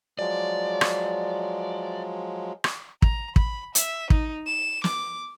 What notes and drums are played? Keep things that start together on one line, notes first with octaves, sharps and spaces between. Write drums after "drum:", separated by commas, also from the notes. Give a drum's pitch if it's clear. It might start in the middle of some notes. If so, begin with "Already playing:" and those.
F3 F#3 G#3 D5
drum: rim click
drum: rim click
A#5, drum: kick
B5, drum: kick
E5, drum: hi-hat
D#4, drum: kick
E7
D6, drum: snare